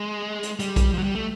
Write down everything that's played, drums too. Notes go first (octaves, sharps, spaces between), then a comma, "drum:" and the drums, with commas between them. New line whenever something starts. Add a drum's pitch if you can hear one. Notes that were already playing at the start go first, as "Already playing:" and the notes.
Already playing: G#3
drum: hi-hat
G3, drum: hi-hat
drum: kick, hi-hat
F3
F#3
G3
A3